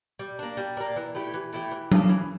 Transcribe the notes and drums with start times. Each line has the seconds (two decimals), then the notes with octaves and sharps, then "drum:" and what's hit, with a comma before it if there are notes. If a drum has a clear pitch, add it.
0.19 G3
0.39 A#3 D4
0.57 G3
0.77 A#3 D4
0.96 E3
1.15 A3 E4 G4
1.34 E3
1.53 A3 E4 G4
1.71 E3
1.92 A#3 F4 A4, drum: tom F#3
2.09 E3